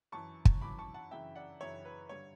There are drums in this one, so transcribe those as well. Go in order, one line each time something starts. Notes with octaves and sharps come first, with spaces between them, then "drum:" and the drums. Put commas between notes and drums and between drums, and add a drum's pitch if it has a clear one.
F#2 E3 A5 C#6
drum: kick
F#2 E3 B5 D6
A5 C#6
F#5 A5
F#2 C#3 E3 E5 G5
D5 F#5
F#2 C#3 E3 C#5 E5
B4
G2 D3 C#5